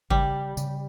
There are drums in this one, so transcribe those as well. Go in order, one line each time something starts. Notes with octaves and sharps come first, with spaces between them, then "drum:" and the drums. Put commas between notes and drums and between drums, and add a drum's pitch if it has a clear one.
C#3 G3, drum: kick G1
C#3, drum: tambourine